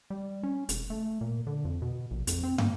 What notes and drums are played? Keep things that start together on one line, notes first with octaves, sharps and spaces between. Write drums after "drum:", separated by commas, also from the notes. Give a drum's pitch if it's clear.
G3
C#4
E1, drum: hi-hat
A3
A#2
D3
F2
B2
A#1
F2, drum: hi-hat
C4
A#3, drum: tom